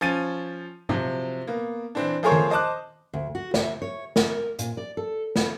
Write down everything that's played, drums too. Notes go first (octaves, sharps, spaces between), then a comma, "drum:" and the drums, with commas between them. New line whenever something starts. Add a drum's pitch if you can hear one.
F3 C#4 A6 D#7
C3 F3 F#3, drum: tom G#2
A#3 B3
E3 C4 D4
F3 A3 G#4 A#4 C5 C#5
drum: tom D#3
C5 D#5 A5 D6 F#6
D2
F#4
E5, drum: snare
C#5
A#4, drum: snare
A#2, drum: hi-hat
D5
A4
B4, drum: snare